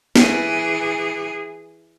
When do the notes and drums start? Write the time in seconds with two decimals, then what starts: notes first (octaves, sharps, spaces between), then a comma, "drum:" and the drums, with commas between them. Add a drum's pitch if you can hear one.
0.16 E3 G#4, drum: snare